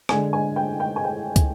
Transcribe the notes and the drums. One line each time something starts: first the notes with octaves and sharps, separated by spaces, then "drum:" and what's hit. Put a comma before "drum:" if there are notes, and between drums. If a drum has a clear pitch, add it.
D3 G#3 D4 G#5, drum: rim click
G#5
G5
G5
G#5
G5
drum: kick, hi-hat